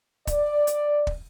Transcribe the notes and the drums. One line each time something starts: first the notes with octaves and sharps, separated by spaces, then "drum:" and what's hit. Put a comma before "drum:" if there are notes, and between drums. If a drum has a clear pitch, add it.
D5, drum: kick, hi-hat
drum: hi-hat
drum: kick